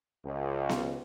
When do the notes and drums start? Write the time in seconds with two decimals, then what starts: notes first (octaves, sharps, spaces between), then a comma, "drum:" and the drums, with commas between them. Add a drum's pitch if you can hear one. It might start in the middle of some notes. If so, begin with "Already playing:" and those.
0.25 C#2
0.69 drum: snare B3